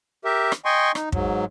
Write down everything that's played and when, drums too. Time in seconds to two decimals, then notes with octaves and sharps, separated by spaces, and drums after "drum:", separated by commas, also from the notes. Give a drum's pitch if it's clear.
0.25 G4 A#4 E5
0.52 drum: rim click
0.65 D#5 G5 G#5 C6 C#6
0.95 D#4, drum: rim click
1.12 G#2 F#3, drum: kick